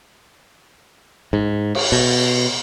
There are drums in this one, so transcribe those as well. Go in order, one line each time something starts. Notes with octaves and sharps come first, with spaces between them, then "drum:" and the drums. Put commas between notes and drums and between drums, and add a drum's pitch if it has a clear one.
G#2
drum: cymbal
B2